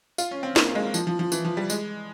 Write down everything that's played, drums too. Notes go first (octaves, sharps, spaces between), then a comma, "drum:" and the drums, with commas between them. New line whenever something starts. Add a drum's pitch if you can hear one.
F4, drum: tambourine
C#4
C4
A#3, drum: snare
G#3
F3, drum: tambourine
F3
F3
E3, drum: tambourine
F3
G3
G#3, drum: tambourine